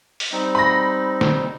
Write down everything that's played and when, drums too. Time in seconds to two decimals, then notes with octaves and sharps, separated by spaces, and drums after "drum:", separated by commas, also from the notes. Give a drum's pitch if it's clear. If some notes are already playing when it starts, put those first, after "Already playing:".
0.20 drum: open hi-hat
0.32 G3 C4 D#4
0.55 B5 A#6
1.21 drum: snare